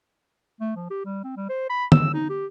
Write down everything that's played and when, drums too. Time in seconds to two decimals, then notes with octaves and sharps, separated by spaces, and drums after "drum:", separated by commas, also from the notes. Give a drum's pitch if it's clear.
0.61 A3
0.76 F3
0.90 G4
1.05 G3
1.24 C4
1.37 G3
1.49 C5
1.70 B5
1.92 E6, drum: tom D3
2.14 D#4
2.30 G4